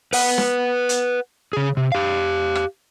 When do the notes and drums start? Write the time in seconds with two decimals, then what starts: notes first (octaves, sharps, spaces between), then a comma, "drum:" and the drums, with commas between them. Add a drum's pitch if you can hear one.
0.13 B4 F#5, drum: open hi-hat
0.38 drum: snare
0.89 drum: hi-hat
1.53 C#3 G#4
1.77 C3
1.92 G4 F5
2.55 drum: rim click